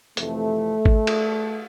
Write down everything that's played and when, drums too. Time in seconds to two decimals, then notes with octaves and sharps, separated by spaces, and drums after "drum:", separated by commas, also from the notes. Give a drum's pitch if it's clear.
0.17 F2 C3 E3 A3, drum: hi-hat
0.85 drum: kick G#1
1.07 drum: cymbal